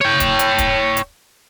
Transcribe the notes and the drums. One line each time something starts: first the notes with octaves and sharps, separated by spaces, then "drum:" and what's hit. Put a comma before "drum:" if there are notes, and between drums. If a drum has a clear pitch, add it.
C#5 G5
drum: kick, hi-hat
drum: hi-hat
drum: kick, hi-hat
drum: hi-hat